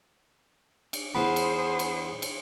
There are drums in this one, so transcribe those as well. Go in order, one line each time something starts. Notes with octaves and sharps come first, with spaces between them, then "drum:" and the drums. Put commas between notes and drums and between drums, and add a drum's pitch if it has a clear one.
drum: cymbal
E2 B3 G#4 C5 B5
drum: cymbal
drum: cymbal
drum: cymbal